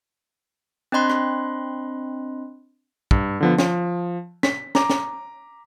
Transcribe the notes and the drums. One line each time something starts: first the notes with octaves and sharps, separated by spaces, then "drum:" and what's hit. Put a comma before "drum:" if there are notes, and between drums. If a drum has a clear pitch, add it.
C4 D4 D#5 B5 C6 F#6
drum: rim click
G2, drum: kick
D3 F3 B3
F3, drum: snare
B6, drum: snare
A#5 D6, drum: snare
drum: snare